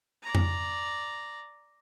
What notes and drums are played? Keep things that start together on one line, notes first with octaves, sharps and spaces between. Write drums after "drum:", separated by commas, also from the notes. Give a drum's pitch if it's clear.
D5 A#5
drum: tom F2